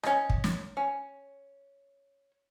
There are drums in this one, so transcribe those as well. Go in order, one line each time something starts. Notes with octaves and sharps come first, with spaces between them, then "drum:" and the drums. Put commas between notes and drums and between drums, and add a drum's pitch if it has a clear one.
C#4 D#5, drum: rim click
drum: kick
drum: snare
C#4